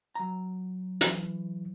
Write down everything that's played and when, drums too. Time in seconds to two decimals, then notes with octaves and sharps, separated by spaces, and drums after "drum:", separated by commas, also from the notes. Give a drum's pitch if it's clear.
0.15 F#3 A#5
1.01 E3, drum: hi-hat